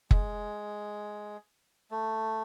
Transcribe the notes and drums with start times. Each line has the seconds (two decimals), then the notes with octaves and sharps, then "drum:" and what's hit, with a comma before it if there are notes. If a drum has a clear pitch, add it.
0.11 G#3, drum: kick
1.91 A3